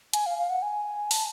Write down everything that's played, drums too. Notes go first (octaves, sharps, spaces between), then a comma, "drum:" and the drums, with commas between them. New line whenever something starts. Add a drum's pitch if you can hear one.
G#5, drum: hi-hat
F5
F5
F#5
G#5
A5, drum: open hi-hat